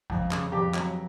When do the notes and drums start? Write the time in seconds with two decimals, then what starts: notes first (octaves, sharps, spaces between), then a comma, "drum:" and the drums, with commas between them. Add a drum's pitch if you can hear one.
0.10 F2, drum: kick G#1
0.31 C#3, drum: clap
0.52 F2 G4
0.74 F#3, drum: clap